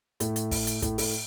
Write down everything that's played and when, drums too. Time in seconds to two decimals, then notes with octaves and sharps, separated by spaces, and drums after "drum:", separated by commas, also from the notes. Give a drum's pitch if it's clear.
0.20 A2 A3, drum: hi-hat
0.36 drum: hi-hat
0.51 drum: kick, open hi-hat
0.67 drum: hi-hat
0.82 A2 A3, drum: kick, hi-hat
0.98 A2 A3, drum: open hi-hat